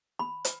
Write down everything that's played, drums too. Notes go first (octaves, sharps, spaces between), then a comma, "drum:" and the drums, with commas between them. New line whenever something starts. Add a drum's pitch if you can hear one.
B5
drum: hi-hat